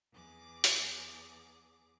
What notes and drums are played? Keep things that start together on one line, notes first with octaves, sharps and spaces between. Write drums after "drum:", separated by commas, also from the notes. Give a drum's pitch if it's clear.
E2 G#4 D6
drum: hi-hat